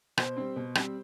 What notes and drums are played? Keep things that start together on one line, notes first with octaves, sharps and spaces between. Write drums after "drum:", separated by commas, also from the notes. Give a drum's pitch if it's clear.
B2 C5, drum: rim click
G3 C4
B2
G3 C4, drum: rim click